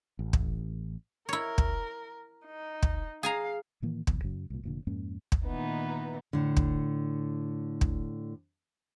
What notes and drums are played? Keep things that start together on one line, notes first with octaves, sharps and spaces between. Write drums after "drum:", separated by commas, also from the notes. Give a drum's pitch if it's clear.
A1
drum: kick
E4 A#4 C#5
drum: kick
D#4
drum: kick
G#4 F5 G#5 A#5
A2 D#3 E3 A#3
F1 B1 E2, drum: kick
F#2 C#3 F#3
C2 A#2
F1 A#2 D3
F2 G#2 A#3 C#4
drum: kick
A#2 D#3 E3 B3 D#4
A2 D3
drum: kick
drum: kick